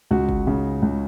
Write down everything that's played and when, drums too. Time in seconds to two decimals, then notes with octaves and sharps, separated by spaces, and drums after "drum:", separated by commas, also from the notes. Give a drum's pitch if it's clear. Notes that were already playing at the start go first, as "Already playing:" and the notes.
0.11 C#2 F#4
0.29 drum: kick G1
0.47 C#3
0.82 C#2